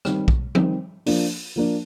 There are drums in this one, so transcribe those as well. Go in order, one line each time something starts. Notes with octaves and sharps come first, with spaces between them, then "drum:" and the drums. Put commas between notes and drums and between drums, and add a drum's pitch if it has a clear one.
D#3 G3 C4, drum: rim click
drum: kick
D#3 G3 C4, drum: tom F3
F3 A#3 D4, drum: open hi-hat
F3 A#3 D4